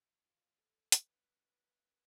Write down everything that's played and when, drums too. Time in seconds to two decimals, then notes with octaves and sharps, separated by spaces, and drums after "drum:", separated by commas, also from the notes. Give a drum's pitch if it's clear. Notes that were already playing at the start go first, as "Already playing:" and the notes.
0.24 F4
0.58 A4
0.92 B4, drum: hi-hat